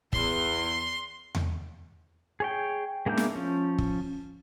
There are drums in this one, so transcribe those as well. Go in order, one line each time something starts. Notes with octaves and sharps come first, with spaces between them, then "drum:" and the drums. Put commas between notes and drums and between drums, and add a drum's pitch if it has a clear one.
E2 C6, drum: kick
drum: tom E2
G#4 C#5 G5
G#3 A#3 D4 E4 G6
drum: snare
F3 C#4
drum: kick